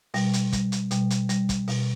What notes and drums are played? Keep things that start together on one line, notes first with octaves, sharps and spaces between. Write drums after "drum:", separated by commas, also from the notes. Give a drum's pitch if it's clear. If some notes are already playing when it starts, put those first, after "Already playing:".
B2 G3, drum: open hi-hat
drum: hi-hat
G3, drum: kick, hi-hat
drum: hi-hat
B2 G3, drum: hi-hat
drum: hi-hat
G3, drum: hi-hat
drum: kick, hi-hat
B2, drum: open hi-hat